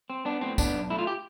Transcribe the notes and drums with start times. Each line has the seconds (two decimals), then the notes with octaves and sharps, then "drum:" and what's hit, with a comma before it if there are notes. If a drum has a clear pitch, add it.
0.10 C4
0.25 B3 D4
0.41 A2 C4
0.58 B3 D4, drum: kick A#1, tambourine
0.74 B1
0.90 A3 E4
0.99 F4
1.07 G4